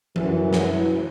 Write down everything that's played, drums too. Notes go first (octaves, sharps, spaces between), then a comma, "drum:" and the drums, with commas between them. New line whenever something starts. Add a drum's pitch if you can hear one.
F#2 E3, drum: tom E3
drum: snare